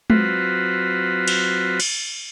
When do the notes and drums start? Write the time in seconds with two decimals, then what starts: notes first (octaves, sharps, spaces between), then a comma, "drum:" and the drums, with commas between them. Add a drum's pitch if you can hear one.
0.10 F#3 C4 F4 F#4 B4, drum: tom G#3
1.28 drum: cymbal
1.80 drum: cymbal